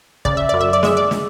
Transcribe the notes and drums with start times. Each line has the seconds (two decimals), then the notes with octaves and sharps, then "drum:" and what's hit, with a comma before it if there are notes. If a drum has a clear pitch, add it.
0.25 C#3 D5, drum: kick
0.37 E5
0.49 F#2 D5
0.61 E5
0.73 D5
0.83 G#3 E5, drum: snare
0.97 D5
1.11 drum: snare